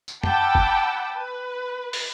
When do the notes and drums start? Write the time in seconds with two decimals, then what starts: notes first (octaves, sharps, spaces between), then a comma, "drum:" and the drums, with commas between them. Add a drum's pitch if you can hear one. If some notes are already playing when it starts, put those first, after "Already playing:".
0.08 drum: tambourine
0.23 F#5 G5 A5 B5 D6 E6, drum: tom
0.55 drum: kick
1.15 B4
1.93 drum: open hi-hat